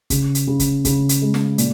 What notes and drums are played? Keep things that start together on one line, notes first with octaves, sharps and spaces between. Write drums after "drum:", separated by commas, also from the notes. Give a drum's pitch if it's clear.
C#3, drum: kick, hi-hat
drum: hi-hat
C#3
drum: kick, hi-hat
C#3, drum: kick, hi-hat
drum: hi-hat
G#3
drum: snare
A#2, drum: hi-hat